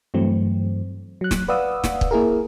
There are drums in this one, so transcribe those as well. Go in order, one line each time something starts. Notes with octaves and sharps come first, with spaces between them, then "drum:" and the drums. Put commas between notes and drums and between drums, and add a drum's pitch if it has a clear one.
G2 E3 F#3 A3 C4
F#3 F#6
drum: snare
B4 D5 F5 F#5 D#6 E6
drum: snare
drum: kick
A#3 E4 G#4 A#4